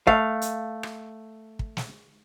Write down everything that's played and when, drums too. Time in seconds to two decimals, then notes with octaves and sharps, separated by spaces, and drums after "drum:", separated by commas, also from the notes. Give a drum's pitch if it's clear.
0.07 A3 F5, drum: kick
0.42 drum: hi-hat
0.83 drum: rim click
1.59 drum: kick
1.77 drum: snare